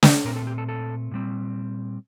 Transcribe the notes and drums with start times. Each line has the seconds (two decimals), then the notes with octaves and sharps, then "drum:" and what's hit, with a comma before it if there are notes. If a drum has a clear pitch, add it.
0.03 drum: snare
0.25 A#2 A3 C4 A#4
0.36 A4
0.47 G4
0.58 A4
0.69 A4
1.11 A#2 G3 C4